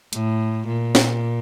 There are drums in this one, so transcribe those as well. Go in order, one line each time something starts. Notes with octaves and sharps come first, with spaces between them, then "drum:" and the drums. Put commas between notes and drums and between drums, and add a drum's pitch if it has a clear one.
A2, drum: hi-hat
A#2
drum: snare